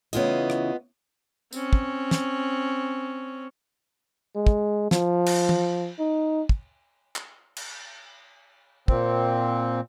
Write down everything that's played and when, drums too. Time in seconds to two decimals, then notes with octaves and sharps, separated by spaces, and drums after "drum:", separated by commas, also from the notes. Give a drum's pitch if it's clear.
0.13 C#3 E3 A3 B3 F4 D#5, drum: hi-hat
0.50 drum: rim click
1.53 C4 C#4, drum: tambourine
1.73 drum: kick
2.11 drum: snare
4.36 G#3
4.47 drum: kick
4.91 F3, drum: snare
5.26 drum: cymbal
5.49 drum: tom
5.99 D#4
6.49 drum: kick
7.16 drum: clap
7.57 drum: cymbal
8.88 A#2 C4, drum: kick